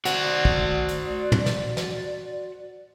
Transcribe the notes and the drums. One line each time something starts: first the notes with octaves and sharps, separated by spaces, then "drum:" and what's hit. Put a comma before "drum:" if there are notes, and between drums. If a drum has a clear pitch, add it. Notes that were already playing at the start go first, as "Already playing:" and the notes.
F#4 C5 D5 F#5, drum: hi-hat
drum: kick
drum: hi-hat
drum: tom
drum: snare
drum: snare